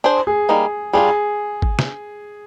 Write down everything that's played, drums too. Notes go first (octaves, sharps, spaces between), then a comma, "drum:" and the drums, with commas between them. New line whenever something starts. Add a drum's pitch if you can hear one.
D4 G#4 C5
G#4
G3 A#3 D#4
G3 D4 F4 G#4
drum: kick
drum: snare